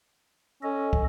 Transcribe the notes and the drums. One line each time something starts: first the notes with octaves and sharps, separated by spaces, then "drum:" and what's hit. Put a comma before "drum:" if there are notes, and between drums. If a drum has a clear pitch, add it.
C#4 A4 D#5
drum: kick